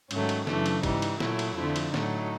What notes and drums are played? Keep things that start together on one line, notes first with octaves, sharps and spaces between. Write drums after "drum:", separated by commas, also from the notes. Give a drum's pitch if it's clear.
G#2 D#3 F#3 A3 C#4, drum: cymbal
drum: cymbal
F#2 C#3 E3 A3 D4, drum: snare
drum: cymbal
G#2 E3 G3 D#4, drum: kick, cymbal
drum: cymbal
A#2 F#3 A3 E4, drum: snare
drum: cymbal
F2 D3 F3 A3 E4
drum: cymbal
A2 F#3 A3 D#4, drum: snare